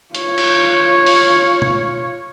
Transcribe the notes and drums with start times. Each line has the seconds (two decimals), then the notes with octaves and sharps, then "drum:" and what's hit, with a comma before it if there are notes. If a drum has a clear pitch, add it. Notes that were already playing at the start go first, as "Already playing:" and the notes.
0.15 F4 C#5, drum: hi-hat
0.38 drum: cymbal
1.06 drum: open hi-hat
1.62 drum: tom